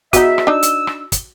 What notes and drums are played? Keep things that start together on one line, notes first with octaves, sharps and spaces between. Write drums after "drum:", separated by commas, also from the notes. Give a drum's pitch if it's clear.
E2 B3 D#4 F#4 E5, drum: kick, hi-hat
drum: rim click
D4 D#4 E6
drum: hi-hat
drum: rim click
drum: kick, hi-hat